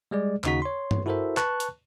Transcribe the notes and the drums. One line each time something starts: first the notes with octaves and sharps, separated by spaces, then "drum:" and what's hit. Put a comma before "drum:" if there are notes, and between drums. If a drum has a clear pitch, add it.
G3 G#3 G#4 D5
D#2 C#3 D#4 F#4 B6, drum: clap
C#5 C6
drum: tom G2
E4 F#4 A4 A#4 C5 E5
B4 A5 C#6 F#6, drum: clap
drum: hi-hat